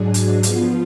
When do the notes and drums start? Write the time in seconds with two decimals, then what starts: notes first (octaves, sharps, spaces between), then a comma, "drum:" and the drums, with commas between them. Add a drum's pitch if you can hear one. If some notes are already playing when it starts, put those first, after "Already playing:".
Already playing: G#2 F#3 D4 G#4
0.14 drum: hi-hat
0.43 F3 B3 F4, drum: hi-hat